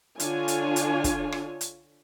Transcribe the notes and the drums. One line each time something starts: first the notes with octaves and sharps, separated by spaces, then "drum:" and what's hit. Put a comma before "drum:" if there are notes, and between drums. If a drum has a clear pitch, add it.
D3 D4 F4 C#5 G#5, drum: hi-hat
drum: hi-hat
drum: hi-hat
drum: kick, hi-hat
drum: rim click
drum: hi-hat